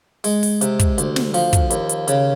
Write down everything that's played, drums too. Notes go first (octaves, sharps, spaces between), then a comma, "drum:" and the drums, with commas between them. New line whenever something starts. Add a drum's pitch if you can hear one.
G#3, drum: open hi-hat
drum: open hi-hat
C3, drum: hi-hat
drum: kick, hi-hat
D2, drum: hi-hat
drum: snare
F3, drum: open hi-hat
drum: kick, hi-hat
D#2, drum: hi-hat
drum: hi-hat
C#3, drum: hi-hat